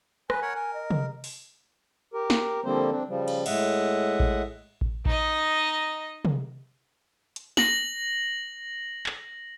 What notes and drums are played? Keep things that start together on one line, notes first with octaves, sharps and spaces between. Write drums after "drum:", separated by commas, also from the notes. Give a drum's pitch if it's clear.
B4 G#5, drum: rim click
A#4 C#5 F#5
A#4 G#5
D#5
drum: tom C3
drum: open hi-hat
G4 A#4
drum: snare
D3 F3 G3 A#3 C4 C5
C4 D4
C#3 F3 G3
drum: cymbal
A2 G#3 D#5 E5 F#5, drum: cymbal
drum: kick A1
drum: kick A1
D#4 D#5, drum: kick A1
drum: tom C3
drum: hi-hat
A#6 F#7, drum: snare
drum: clap